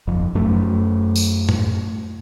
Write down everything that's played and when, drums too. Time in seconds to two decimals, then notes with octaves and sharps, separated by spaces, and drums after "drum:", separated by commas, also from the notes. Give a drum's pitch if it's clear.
0.07 G1 F2
0.35 F#2 F#3 A3
1.16 drum: tambourine
1.49 drum: tom